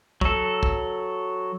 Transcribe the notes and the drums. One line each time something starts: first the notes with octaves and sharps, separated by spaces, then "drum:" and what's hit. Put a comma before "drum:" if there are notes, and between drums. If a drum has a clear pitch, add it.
F#3 A4, drum: kick
drum: kick